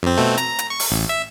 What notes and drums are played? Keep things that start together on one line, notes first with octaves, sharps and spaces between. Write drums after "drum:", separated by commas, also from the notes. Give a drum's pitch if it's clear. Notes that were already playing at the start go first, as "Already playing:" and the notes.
F2 C4
B2 A3 C4
A#5, drum: hi-hat
drum: hi-hat
C#6
drum: open hi-hat
A1
E5